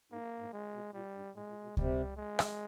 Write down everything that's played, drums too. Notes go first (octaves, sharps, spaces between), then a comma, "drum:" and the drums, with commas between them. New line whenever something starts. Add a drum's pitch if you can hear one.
G#2 A#3
G#2
G#3
B2
A#2 G3
G2
A2 G#3
A#2
B2
C3 G3, drum: kick C#2
G#3
drum: rim click